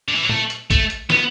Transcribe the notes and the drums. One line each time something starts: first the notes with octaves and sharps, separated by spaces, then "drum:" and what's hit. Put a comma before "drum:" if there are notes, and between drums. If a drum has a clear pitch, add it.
D3
E3
F#3
A3, drum: tom A#2
drum: hi-hat
A3, drum: kick A#1, hi-hat
drum: hi-hat
B3, drum: snare